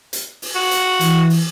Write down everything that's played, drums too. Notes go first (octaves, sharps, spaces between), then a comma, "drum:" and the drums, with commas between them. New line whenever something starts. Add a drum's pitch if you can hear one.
drum: hi-hat
drum: open hi-hat
F#4
drum: hi-hat
E3, drum: hi-hat
drum: open hi-hat